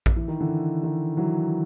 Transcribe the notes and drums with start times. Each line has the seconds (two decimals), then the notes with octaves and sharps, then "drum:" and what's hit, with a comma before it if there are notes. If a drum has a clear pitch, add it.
0.06 drum: kick A#1
0.16 E3
0.28 D#3
0.40 D3 E3
0.83 D#3
1.17 E3 F#3